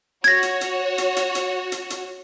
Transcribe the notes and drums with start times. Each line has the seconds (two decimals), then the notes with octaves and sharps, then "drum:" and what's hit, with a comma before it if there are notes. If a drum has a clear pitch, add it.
0.24 F#4 C#5 G#6 A#6, drum: hi-hat
0.43 drum: hi-hat
0.61 drum: hi-hat
0.98 drum: hi-hat
1.16 drum: hi-hat
1.35 drum: hi-hat
1.72 drum: hi-hat
1.90 drum: hi-hat